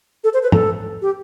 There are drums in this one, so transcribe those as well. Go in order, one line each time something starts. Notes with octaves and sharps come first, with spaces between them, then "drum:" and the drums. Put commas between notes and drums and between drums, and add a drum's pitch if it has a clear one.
A4
C5
B4
A4, drum: tom
G4